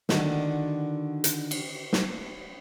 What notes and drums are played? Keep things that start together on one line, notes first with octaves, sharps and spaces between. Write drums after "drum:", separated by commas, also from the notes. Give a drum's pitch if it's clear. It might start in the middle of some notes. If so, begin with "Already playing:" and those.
D3 D#3 F#4 D5, drum: snare
drum: hi-hat
drum: cymbal
drum: snare